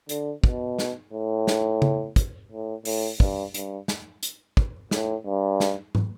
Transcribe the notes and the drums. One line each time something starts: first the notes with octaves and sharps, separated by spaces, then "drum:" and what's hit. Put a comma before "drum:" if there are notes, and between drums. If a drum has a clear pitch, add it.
D3, drum: hi-hat
B2, drum: kick
drum: snare
A2
drum: snare
drum: tom C#3
drum: kick, hi-hat
A2
A2, drum: open hi-hat
G2, drum: kick
G2, drum: hi-hat
drum: snare
drum: hi-hat
drum: kick
A2, drum: snare
G2
drum: snare
drum: tom G#2